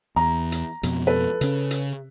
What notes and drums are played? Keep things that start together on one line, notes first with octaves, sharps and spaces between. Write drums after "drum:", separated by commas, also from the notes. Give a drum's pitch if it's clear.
E2 A#5
drum: hi-hat
F2 B2, drum: hi-hat
A4 B4
C#3 C#4, drum: hi-hat
drum: hi-hat